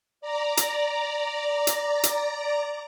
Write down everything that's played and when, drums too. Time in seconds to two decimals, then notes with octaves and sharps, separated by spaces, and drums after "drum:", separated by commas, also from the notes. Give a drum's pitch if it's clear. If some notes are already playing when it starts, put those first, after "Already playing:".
0.21 D5 A#5
0.57 drum: hi-hat
1.67 drum: hi-hat
2.03 drum: hi-hat